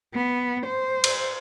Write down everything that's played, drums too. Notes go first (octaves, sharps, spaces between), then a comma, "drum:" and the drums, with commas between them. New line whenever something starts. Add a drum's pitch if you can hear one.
B3
C5
drum: cymbal